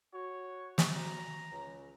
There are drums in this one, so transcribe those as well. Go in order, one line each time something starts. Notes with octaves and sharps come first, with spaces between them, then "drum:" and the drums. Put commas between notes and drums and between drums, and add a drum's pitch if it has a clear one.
F#4 C#5
drum: snare
A#5
C#2